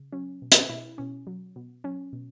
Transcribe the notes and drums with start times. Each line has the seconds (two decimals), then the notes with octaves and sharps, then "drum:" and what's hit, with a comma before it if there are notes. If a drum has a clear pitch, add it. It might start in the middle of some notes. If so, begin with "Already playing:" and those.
Already playing: C#3
0.12 F#3 C#4
0.42 B2
0.52 drum: hi-hat
0.69 B2 E4
0.98 B2 C#4
1.27 F#3
1.56 B2
1.84 F#3 C#4
2.13 B2